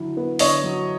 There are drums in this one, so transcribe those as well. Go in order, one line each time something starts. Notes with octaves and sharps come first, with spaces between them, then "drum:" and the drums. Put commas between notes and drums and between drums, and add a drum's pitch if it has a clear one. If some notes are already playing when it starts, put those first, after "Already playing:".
Already playing: D3 F#3 E4
B3
D3 C#5 D#5, drum: open hi-hat
F#3